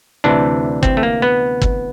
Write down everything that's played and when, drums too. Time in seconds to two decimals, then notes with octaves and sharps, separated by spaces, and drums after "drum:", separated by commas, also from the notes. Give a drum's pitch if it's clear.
0.24 D2 C3 E3 D4
0.83 C4, drum: kick
0.97 A3
1.03 A#3
1.22 B3
1.62 drum: kick